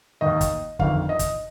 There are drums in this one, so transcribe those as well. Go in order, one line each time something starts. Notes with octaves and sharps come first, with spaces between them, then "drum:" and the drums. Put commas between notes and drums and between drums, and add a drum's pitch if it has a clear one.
D#2 D#3 D#5
drum: kick, hi-hat
G1 F2 D#3 F5, drum: kick
D#5
drum: kick, hi-hat